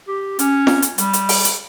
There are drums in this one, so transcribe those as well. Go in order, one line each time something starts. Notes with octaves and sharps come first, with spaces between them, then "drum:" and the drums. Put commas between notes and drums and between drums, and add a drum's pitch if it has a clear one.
G4
C#4, drum: hi-hat
drum: snare
drum: hi-hat
G3, drum: hi-hat
drum: hi-hat
drum: open hi-hat
drum: hi-hat